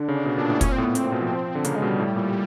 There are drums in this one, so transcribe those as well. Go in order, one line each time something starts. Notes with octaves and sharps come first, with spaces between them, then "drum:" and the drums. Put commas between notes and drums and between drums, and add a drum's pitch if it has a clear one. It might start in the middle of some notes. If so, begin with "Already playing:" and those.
Already playing: D3 D4
C#3
B2
A#2
A2
A#2 C#4, drum: kick, hi-hat
C4
A2
B3
A2 C4, drum: hi-hat
A#2
B2
F3
D3
C#3 A#3, drum: hi-hat
G#3
B2
G3
A2
A#2